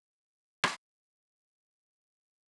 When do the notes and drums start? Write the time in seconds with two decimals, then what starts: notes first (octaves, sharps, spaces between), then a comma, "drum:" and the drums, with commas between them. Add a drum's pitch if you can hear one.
0.13 E4 G#4 D#5
0.64 drum: rim click